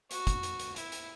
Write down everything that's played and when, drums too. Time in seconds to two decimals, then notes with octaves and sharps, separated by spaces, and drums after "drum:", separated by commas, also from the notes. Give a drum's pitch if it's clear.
0.11 F#4, drum: hi-hat
0.27 drum: kick, hi-hat
0.43 drum: hi-hat
0.59 drum: hi-hat
0.76 E4, drum: hi-hat
0.92 drum: hi-hat